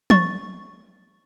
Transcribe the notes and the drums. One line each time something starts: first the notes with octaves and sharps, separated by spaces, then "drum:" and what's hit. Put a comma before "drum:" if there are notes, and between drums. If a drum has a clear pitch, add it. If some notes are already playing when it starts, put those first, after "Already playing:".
C#6 A6, drum: tom